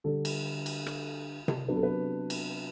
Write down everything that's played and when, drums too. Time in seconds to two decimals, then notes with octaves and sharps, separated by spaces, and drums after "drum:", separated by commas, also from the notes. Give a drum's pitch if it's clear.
0.04 D3 G3 D4 A4
0.25 drum: cymbal
0.66 drum: cymbal
0.86 drum: rim click
1.48 drum: tom C3
1.68 C3 F#3 B3 D4 B4
1.76 A4
1.83 B4
2.30 drum: cymbal